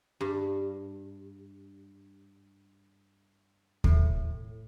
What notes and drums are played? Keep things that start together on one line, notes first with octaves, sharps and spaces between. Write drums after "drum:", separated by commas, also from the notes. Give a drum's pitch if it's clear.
G2
A2, drum: kick D#2